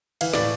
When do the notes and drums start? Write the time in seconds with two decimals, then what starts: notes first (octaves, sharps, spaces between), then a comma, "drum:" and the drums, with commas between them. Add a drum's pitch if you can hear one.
0.21 E3 F5, drum: cymbal
0.33 A2 D5, drum: snare